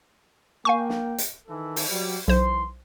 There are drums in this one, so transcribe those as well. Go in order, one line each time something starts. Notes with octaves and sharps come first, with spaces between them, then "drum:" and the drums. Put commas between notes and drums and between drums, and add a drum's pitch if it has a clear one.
A#3 F5 G5 G#5 C#6
drum: snare
drum: hi-hat
D#3 E3 A4
drum: open hi-hat
F#3 G3
B1 E3 C5 C6